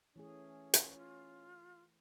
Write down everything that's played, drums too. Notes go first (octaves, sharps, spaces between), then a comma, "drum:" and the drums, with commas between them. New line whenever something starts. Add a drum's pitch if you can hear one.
E3 A3 C#4 G#4
drum: hi-hat
F4